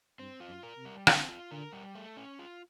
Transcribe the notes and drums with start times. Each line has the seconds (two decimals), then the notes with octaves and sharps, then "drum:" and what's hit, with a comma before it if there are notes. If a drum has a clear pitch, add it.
0.19 G2 C4
0.40 F4
0.48 F#2
0.63 A#4
0.77 C3
0.85 G3
1.07 D3 C4, drum: rim click
1.29 F4
1.51 D3 A#4
1.72 G3
1.95 A3
2.17 C#4
2.39 F4